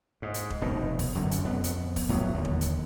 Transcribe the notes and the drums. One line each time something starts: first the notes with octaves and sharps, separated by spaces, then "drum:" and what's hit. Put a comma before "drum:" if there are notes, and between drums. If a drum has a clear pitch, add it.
G#2
drum: hi-hat
drum: kick
F1 B2 D#3
drum: kick, open hi-hat
F#2 D3
drum: hi-hat
F2 B3
drum: hi-hat
drum: kick, open hi-hat
A2 F#3 G#3 B3
D#2 D3
drum: kick
drum: hi-hat